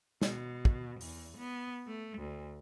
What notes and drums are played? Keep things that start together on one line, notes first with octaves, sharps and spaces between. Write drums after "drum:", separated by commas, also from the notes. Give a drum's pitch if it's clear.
B2, drum: snare
drum: kick
E2, drum: open hi-hat
B3
A3
D2